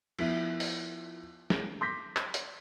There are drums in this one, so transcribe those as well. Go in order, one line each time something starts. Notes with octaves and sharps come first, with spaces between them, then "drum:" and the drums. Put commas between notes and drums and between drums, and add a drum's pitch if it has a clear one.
F3 B3 E4, drum: cymbal
drum: open hi-hat
drum: snare
C6 D6 G6 A#6 B6
drum: clap
drum: hi-hat